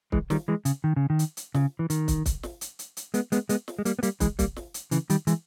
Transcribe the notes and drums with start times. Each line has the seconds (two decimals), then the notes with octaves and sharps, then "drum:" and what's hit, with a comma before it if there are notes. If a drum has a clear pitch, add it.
0.12 E3 G#3, drum: kick
0.30 D#3 G3, drum: snare
0.48 E3 G#3
0.65 C#3, drum: hi-hat
0.84 D#3
0.96 C#3
1.10 D#3
1.19 drum: hi-hat
1.37 drum: hi-hat
1.54 C#3, drum: snare
1.79 E3
1.90 D#3, drum: hi-hat
2.08 drum: kick, hi-hat
2.26 drum: kick, hi-hat
2.43 drum: snare
2.61 drum: hi-hat
2.79 drum: hi-hat
2.97 drum: hi-hat
3.14 G#3 B3, drum: hi-hat
3.32 G#3 B3, drum: hi-hat
3.49 G#3 B3, drum: hi-hat
3.68 drum: snare
3.79 G#3
3.85 G3 A#3, drum: hi-hat
3.99 B3
4.03 G3 A#3, drum: hi-hat
4.20 E3 G#3, drum: kick, hi-hat
4.39 G3 A#3, drum: kick, hi-hat
4.56 drum: snare
4.74 drum: hi-hat
4.91 C#3 E3, drum: hi-hat
5.10 D#3 G3, drum: hi-hat
5.27 E3 G#3, drum: hi-hat